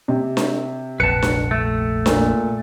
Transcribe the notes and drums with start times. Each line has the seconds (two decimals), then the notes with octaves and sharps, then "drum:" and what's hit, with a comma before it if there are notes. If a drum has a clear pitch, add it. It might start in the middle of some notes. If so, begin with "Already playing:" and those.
0.08 C3
0.37 drum: snare D4
1.00 F1 A#1 B4 A5 C#7
1.22 drum: snare D4
1.51 A3
2.06 A#2, drum: snare D4